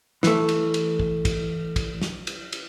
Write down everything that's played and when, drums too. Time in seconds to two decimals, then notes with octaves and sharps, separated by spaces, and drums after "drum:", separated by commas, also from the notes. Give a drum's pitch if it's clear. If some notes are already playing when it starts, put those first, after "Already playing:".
0.23 E3 A3, drum: snare
0.49 drum: cymbal
0.74 drum: cymbal
1.00 drum: kick
1.25 drum: kick, cymbal
1.76 drum: kick, cymbal
2.02 drum: snare
2.27 drum: cymbal
2.53 drum: cymbal